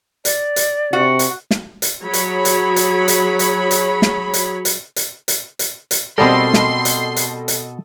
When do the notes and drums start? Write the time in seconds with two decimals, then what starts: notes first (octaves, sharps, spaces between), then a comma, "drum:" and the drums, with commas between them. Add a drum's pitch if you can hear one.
0.25 D5, drum: hi-hat
0.56 drum: hi-hat
0.93 C3 F#4
1.19 drum: hi-hat
1.51 drum: snare
1.82 drum: hi-hat
2.03 F#3 G#4 C#5 B5
2.13 drum: hi-hat
2.45 drum: hi-hat
2.76 drum: hi-hat
3.08 drum: hi-hat
3.39 drum: hi-hat
3.71 drum: hi-hat
4.02 drum: snare
4.34 drum: hi-hat
4.65 drum: hi-hat
4.96 drum: hi-hat
5.28 drum: hi-hat
5.59 drum: hi-hat
5.91 drum: hi-hat
6.18 B2 G3 C4 A4 A#4 D#5 C6 C7
6.54 drum: snare
6.85 drum: hi-hat
7.16 drum: hi-hat
7.48 drum: hi-hat